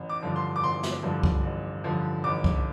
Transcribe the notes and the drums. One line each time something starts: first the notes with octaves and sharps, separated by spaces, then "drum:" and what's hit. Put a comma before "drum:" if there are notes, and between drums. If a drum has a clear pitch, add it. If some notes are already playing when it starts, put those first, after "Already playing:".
Already playing: A1
D6
G2 D3 F3
C6
D6
A1 C6
drum: snare
G2 D3 F3
drum: kick C2
A1
G2 D3 F3
A1 D6
drum: kick C2